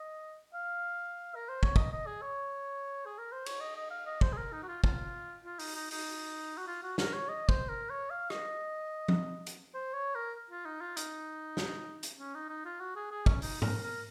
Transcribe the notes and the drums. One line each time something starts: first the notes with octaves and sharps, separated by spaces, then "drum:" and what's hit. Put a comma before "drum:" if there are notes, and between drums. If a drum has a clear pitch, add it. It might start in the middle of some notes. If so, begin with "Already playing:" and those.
Already playing: D#5
F5
A#4
C5
C#5, drum: kick
D#5, drum: kick
D#5
G#4
C#5
G#4
A#4
C5
C#5, drum: cymbal
D#5
D#5
F5
D#5
C5, drum: kick
G#4
A#4
D#4
F#4
F4
F4, drum: kick
F4
D#4, drum: open hi-hat
D#4
D#4, drum: open hi-hat
F#4
F4
F#4
A#4, drum: snare
C#5
D#5
C5, drum: kick
A#4
C#5
F5
D#5, drum: rim click
drum: tom F3
drum: hi-hat
C5
C#5
A#4
F4
D#4
F4
D#4, drum: hi-hat
drum: snare
drum: hi-hat
C#4
D#4
D#4
F4
F#4
G#4
G#4
C#4, drum: kick
D#4, drum: open hi-hat
A#4, drum: tom G#2
A#4